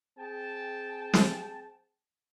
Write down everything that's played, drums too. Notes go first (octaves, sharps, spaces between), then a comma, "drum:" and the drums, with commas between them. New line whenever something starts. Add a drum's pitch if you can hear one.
C4 G#4 G5 A5
drum: snare